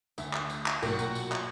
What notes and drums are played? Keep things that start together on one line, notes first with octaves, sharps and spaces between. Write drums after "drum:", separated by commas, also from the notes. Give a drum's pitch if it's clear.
D2 A3, drum: tambourine
drum: clap
drum: tambourine
drum: clap
B1 A#2 F#4 A#4 G5, drum: tambourine
drum: tambourine
drum: tambourine
drum: clap